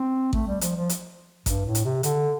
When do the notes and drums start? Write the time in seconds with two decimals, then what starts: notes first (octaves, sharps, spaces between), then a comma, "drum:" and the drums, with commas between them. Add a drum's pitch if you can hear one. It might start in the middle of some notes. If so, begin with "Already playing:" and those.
Already playing: C4
0.33 A3, drum: kick A1
0.47 G3
0.61 F3, drum: hi-hat
0.76 F3
0.89 drum: hi-hat
1.46 G2, drum: kick A1, hi-hat
1.66 A2
1.75 drum: hi-hat
1.84 C3
2.03 D3, drum: hi-hat